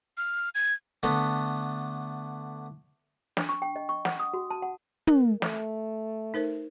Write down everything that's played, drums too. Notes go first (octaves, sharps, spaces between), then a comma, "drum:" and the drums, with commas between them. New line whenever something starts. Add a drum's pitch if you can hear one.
F6
G#6
D3 A3 B3, drum: hi-hat
D4, drum: snare
C#6
G5
D#5
C#6
F#5, drum: snare
D#6
F#4
A5
F#5
A#4, drum: tom
A3, drum: snare
D#4 A#4 C5